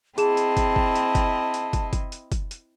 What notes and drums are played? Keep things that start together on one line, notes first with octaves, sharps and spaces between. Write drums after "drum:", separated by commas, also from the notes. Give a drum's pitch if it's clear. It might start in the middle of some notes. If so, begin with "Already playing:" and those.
C4 E4 G#4 D#5 A5 E7, drum: hi-hat
drum: hi-hat
drum: kick, hi-hat
drum: kick
drum: hi-hat
drum: kick, hi-hat
drum: hi-hat
drum: kick, hi-hat
drum: kick, hi-hat
drum: hi-hat
drum: kick, hi-hat
drum: hi-hat